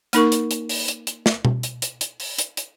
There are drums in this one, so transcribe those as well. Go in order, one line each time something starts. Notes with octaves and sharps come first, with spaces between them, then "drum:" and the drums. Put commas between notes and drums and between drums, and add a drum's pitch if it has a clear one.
A#3 D#4 A#4 C#6, drum: hi-hat
drum: hi-hat
drum: hi-hat
drum: open hi-hat
drum: hi-hat
drum: hi-hat
drum: snare
drum: tom B2
drum: hi-hat
drum: hi-hat
drum: hi-hat
drum: open hi-hat
drum: hi-hat
drum: hi-hat